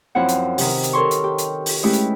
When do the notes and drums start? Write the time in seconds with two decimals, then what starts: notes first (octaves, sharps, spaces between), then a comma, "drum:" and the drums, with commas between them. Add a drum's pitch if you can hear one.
0.15 F#2 F3 C4 E4 F#5
0.29 drum: hi-hat
0.58 C3 D#3, drum: open hi-hat
0.84 drum: hi-hat
0.93 A4 A#4 C#5 C6 C#6
1.11 drum: hi-hat
1.23 G4
1.38 drum: hi-hat
1.66 drum: open hi-hat
1.83 G#3 A3 C#4 E4 G4 B4
1.93 drum: hi-hat